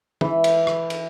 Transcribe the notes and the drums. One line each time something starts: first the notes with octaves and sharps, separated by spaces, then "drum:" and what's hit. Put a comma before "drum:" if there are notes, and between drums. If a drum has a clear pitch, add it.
E3, drum: tom
drum: cymbal
drum: rim click
drum: cymbal